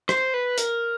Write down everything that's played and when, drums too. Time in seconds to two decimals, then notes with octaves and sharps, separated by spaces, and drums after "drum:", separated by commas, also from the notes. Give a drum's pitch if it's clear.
0.09 C5, drum: rim click
0.34 B4
0.58 A#4, drum: hi-hat